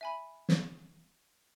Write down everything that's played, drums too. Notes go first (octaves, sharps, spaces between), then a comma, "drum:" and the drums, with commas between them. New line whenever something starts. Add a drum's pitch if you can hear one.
E5 G#5 B5
drum: snare